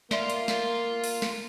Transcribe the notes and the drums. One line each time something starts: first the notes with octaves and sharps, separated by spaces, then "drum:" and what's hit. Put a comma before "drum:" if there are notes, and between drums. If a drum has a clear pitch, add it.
A#3 D5 E5 F5 C6, drum: snare
drum: hi-hat
drum: snare
drum: open hi-hat
drum: snare